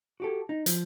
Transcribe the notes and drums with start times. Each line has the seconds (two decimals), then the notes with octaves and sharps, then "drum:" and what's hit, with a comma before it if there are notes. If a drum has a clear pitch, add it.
0.20 F#4 G4 A4
0.49 D#4
0.66 F3, drum: hi-hat